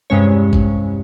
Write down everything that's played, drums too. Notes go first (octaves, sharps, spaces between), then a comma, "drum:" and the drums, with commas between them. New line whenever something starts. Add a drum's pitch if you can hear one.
E2 G2 C3 G#3 C#4 C#5
drum: kick